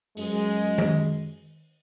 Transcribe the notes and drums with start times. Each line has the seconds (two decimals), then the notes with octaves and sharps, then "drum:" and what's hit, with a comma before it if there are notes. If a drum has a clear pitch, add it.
0.17 F#2 G#3, drum: open hi-hat
0.78 drum: tom D#3